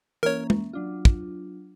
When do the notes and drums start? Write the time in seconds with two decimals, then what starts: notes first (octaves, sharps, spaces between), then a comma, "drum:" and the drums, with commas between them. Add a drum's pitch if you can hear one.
0.23 E3 A#3 C#4 A#4 C#5
0.50 drum: tom
0.73 F#3 D4 F4
1.05 drum: kick